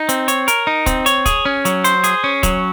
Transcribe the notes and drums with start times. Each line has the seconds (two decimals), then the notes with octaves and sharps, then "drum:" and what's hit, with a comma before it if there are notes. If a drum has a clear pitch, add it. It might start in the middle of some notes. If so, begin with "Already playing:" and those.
Already playing: D#4
0.09 C4, drum: hi-hat
0.28 C#5, drum: hi-hat
0.48 A#4, drum: hi-hat
0.67 D#4
0.86 C4, drum: kick, hi-hat
1.06 C#5, drum: hi-hat
1.26 G#4, drum: kick, hi-hat
1.45 C#4
1.65 F#3, drum: hi-hat
1.84 C5, drum: hi-hat
2.04 G#4, drum: hi-hat
2.24 C#4
2.43 F#3, drum: kick, hi-hat